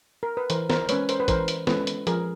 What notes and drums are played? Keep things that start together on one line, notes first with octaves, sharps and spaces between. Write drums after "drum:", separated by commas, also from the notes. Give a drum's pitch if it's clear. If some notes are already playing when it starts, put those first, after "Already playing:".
A#4
B4
E3 A#4 C5, drum: hi-hat
A#4 C5, drum: snare
G#3 C#4 B4 C#5, drum: hi-hat
A#4 C5, drum: hi-hat
B4
E3 A#4 C5, drum: kick, hi-hat
drum: hi-hat
G#3 C#4 A4 B4, drum: snare
drum: hi-hat
F3 G#4 A#4, drum: hi-hat